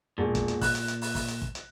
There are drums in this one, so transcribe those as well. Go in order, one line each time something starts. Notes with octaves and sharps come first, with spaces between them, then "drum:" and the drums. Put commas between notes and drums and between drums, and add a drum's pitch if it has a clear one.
E1 A#2
drum: kick, hi-hat
drum: hi-hat
F#6, drum: kick, open hi-hat
drum: hi-hat
drum: hi-hat
drum: open hi-hat
drum: kick, open hi-hat
drum: hi-hat
drum: kick
drum: hi-hat